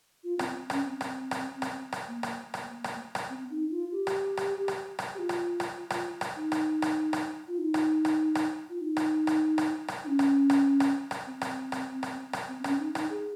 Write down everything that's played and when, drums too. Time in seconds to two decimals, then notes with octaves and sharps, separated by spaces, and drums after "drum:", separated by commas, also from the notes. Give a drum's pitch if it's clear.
0.24 F4
0.39 C4, drum: rim click
0.70 C#4, drum: rim click
0.85 C4
1.01 drum: rim click
1.31 drum: rim click
1.62 drum: rim click
1.92 drum: rim click
2.08 A#3
2.23 drum: rim click
2.54 drum: rim click
2.84 drum: rim click
3.15 drum: rim click
3.30 C4
3.51 D#4
3.71 F4
3.92 G4
4.07 drum: rim click
4.37 drum: rim click
4.68 drum: rim click
4.99 drum: rim click
5.14 G4
5.19 F4
5.29 drum: rim click
5.60 drum: rim click
5.90 drum: rim click
6.21 drum: rim click
6.36 D#4
6.52 drum: rim click
6.82 drum: rim click
7.13 drum: rim click
7.48 F4
7.58 D#4
7.74 drum: rim click
8.05 drum: rim click
8.35 drum: rim click
8.70 F4
8.81 D#4
8.97 drum: rim click
9.27 drum: rim click
9.58 drum: rim click
9.88 drum: rim click
10.04 D#4
10.07 C#4
10.19 drum: rim click
10.50 drum: rim click
10.80 drum: rim click
11.11 drum: rim click
11.26 C4
11.41 drum: rim click
11.72 drum: rim click
12.03 drum: rim click
12.33 drum: rim click
12.48 C4
12.64 C#4, drum: rim click
12.79 D#4
12.95 D#4, drum: rim click
13.10 G#4